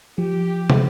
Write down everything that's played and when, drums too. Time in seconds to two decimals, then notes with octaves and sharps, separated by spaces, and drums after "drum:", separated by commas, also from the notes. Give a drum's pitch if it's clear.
0.18 F3 G4
0.70 drum: tom